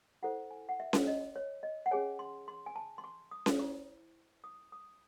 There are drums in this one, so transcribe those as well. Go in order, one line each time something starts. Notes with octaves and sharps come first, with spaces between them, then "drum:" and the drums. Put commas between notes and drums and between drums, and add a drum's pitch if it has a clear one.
E4 A4 C5 F#5
G#5
F#5
E5
drum: snare C#4
D#5
C#5
D#5
F#5
C#4 G#4 C#5 G#5
C6
C6
G#5
A5
C6
C#6
D#6
drum: snare C#4
E4 C5 C#6
D#6
D#6